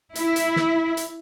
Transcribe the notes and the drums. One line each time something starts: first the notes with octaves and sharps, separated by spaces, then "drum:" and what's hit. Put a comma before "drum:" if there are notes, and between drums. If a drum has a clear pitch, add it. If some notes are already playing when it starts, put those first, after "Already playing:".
E4, drum: hi-hat
drum: hi-hat
drum: snare
drum: hi-hat